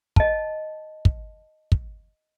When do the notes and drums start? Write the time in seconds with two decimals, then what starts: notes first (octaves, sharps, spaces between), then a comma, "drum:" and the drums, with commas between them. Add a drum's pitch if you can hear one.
0.16 D#5 A5, drum: kick
1.05 drum: kick
1.72 drum: kick